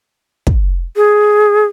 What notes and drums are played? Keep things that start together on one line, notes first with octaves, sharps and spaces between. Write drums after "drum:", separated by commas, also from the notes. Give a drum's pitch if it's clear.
drum: kick
G#4